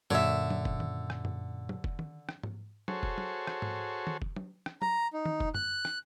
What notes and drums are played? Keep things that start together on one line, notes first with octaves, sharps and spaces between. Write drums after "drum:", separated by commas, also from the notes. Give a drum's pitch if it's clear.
F#2 A#2 D3 C#5 E5 E6
drum: tom F#3
drum: kick F1
drum: tom D#3
drum: rim click
drum: tom
drum: tom F#3
drum: kick F1
drum: tom D#3
drum: rim click
drum: tom G#2
F#4 G#4 A4 C5 C#5, drum: tom F#3
drum: kick F1
drum: tom F#3
drum: rim click
drum: tom G#2
drum: tom D#3
drum: kick F1
drum: tom F#3
drum: rim click
A#5, drum: tom F#3
D#4
drum: tom D#3
drum: kick F1
F#6, drum: tom
drum: rim click